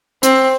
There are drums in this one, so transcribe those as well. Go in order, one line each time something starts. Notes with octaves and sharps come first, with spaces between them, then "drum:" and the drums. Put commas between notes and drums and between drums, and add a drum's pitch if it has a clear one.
C4, drum: hi-hat